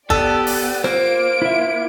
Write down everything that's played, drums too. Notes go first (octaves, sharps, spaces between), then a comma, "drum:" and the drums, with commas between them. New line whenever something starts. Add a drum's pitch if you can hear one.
B3 G4 A4 D5, drum: kick
drum: open hi-hat
A#3 F4 C5 D7, drum: rim click
E4 E5